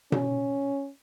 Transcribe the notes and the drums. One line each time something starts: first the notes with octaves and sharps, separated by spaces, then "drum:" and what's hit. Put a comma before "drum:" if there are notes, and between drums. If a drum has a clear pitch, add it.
C#4, drum: tom B2